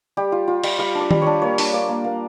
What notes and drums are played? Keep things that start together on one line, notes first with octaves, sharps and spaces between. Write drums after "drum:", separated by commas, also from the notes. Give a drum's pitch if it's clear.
G3 G4
F4
F4
G3, drum: cymbal
G3 F5
D4
D5
G3, drum: tom D#3
D4 C#5
A#3 C#5
D4, drum: open hi-hat
A#3 D5
A#3
A#3